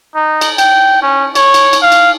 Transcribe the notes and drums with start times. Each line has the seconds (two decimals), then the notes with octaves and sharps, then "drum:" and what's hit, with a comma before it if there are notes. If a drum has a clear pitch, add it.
0.15 D#4
0.41 drum: cymbal
0.58 G5, drum: cymbal
1.02 C#4
1.35 C#5, drum: cymbal
1.54 drum: cymbal
1.73 drum: cymbal
1.82 F5
1.92 drum: cymbal